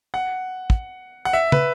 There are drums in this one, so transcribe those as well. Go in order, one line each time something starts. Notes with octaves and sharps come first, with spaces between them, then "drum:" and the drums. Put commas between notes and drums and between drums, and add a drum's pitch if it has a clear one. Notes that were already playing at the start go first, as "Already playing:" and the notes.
F#5
drum: kick
F#5
E5
B4, drum: tom